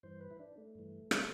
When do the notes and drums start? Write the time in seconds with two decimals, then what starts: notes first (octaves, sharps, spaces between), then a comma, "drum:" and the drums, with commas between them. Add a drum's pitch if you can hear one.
0.03 G2 E3 C5
0.21 B4
0.31 E4
0.39 D4
0.58 A3
0.75 G2 E3
1.11 drum: rim click